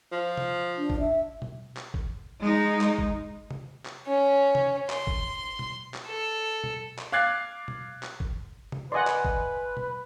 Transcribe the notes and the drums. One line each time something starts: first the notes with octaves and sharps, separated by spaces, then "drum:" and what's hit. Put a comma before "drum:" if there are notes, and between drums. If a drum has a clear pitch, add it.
F3
drum: tom C3
D4
drum: kick
E5
drum: tom B2
drum: clap
drum: kick
G#3 D#4
drum: clap
drum: kick
drum: tom C3
drum: clap
C#4
drum: tom C3
C6, drum: clap
drum: kick
drum: tom B2
drum: clap
A4
drum: tom B2
drum: clap
F5 D6 F#6 G#6 A6 C7
drum: tom B2
drum: clap
drum: kick
drum: tom C3
B4 D5 D#5 F#5 G#5 C6
drum: clap
drum: kick
drum: tom B2